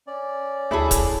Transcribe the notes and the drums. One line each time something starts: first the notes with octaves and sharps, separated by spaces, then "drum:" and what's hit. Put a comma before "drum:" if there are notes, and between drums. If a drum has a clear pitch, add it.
C#4 D5
D2 E4 G#4 A4 A5 B5
drum: kick C#1, hi-hat